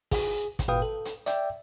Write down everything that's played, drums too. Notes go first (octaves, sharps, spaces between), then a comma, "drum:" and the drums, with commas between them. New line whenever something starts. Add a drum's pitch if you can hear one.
G#4, drum: kick, open hi-hat
drum: kick, hi-hat
G#1 A#2 B4 F5 G5 D#6
A4
drum: hi-hat
D5 E5 G5, drum: hi-hat